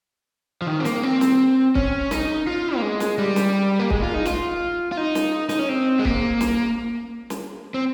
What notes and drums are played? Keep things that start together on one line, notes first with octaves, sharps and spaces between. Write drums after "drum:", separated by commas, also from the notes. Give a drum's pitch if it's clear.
F3
D#3
C4
A#3, drum: snare
C4
drum: snare
C#4, drum: kick
D#4, drum: snare
F4
A#3
G#3
drum: snare
G3
drum: snare
A#3
G#3, drum: kick
F4
D#4
F4, drum: snare
F4
D#4
drum: snare
D#4, drum: snare
C#4
C4
G#3
A#3, drum: kick
drum: snare
drum: snare
C4